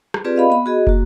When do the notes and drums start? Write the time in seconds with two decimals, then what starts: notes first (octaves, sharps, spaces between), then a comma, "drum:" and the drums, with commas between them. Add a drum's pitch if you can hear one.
0.14 drum: rim click
0.25 C4 F4 G4 G#4 B4 D5
0.36 D#5 F5 B5
0.50 B3 B5
0.66 F#4 G#4 D#5
0.87 A#3 F#4, drum: kick